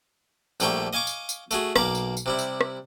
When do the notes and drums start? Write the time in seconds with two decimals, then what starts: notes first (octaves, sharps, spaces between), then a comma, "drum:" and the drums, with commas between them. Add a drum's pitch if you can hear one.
0.60 A#1 G3 A3 A#3 G5 C#6, drum: tambourine
0.93 D#5 F5 G#5 C#6 D6
1.07 drum: tambourine
1.29 drum: tambourine
1.51 A3 F#4 G#4, drum: tambourine
1.76 B1 A#3 D5 F5 A#5, drum: rim click
1.95 drum: tambourine
2.17 drum: tambourine
2.26 C3 G3 E4
2.39 drum: tambourine
2.61 drum: rim click